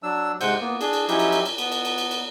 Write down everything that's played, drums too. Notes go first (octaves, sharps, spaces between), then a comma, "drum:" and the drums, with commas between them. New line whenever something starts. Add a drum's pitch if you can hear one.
F#3 D4 E6
G#2 C3 G#3 C5 F#5 G6, drum: cymbal
A#3 B3
D4 G#4, drum: cymbal
drum: cymbal
F3 F#3 C#4 D#4 E4 G4, drum: cymbal
drum: cymbal
drum: cymbal
drum: cymbal
B3, drum: cymbal
drum: cymbal
drum: cymbal
drum: cymbal
drum: cymbal